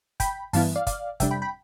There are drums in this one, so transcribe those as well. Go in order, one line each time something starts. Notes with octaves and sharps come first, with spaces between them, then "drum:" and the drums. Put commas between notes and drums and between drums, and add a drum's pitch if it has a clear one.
G5 B5, drum: kick, hi-hat
G2 E3 B3 E4 F5 A5, drum: open hi-hat
D5 F5
D5 F5, drum: kick, hi-hat
F2 C3 G3 D4 E5 G5, drum: kick, hi-hat
G5 B5
G5 B5